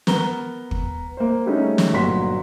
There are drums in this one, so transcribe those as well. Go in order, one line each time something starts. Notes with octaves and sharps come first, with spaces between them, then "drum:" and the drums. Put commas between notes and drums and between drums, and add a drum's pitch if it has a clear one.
B3 A#4 A#5 G7, drum: snare
drum: kick
A#3 C5
G3 A3 C#4 D#4 G#4
drum: snare
G1 A#2 F#3 F#4 C6 B6